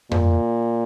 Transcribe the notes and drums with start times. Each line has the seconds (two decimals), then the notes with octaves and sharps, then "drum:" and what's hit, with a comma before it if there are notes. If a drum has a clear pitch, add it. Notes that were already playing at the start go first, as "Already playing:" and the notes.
0.11 A#2, drum: tom F2